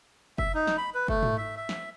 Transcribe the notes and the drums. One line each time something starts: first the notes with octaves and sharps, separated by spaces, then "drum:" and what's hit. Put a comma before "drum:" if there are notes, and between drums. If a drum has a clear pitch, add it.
E5, drum: kick F#1
D#4
drum: snare
B5
B4
A3, drum: kick F#1
drum: tom G#2
E5
E5
drum: snare